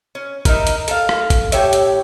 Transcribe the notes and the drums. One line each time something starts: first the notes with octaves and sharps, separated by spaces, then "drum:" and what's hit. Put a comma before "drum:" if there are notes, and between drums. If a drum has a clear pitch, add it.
C#4
D#4 E4 A#4, drum: kick, hi-hat
drum: hi-hat
A4 F5, drum: hi-hat
drum: rim click
drum: kick, hi-hat
A2 G4 C#5 E5, drum: hi-hat
drum: hi-hat